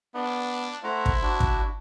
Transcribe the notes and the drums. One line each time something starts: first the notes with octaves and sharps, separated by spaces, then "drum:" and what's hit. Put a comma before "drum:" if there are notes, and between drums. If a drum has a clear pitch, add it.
B3 D4
A3 E4 C5 F#5 A#5
drum: kick
D4 F#4
drum: kick